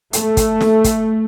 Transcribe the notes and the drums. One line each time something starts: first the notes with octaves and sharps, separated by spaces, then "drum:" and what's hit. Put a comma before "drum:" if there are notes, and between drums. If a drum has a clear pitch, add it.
A3, drum: hi-hat
drum: kick, hi-hat
drum: snare
drum: kick, hi-hat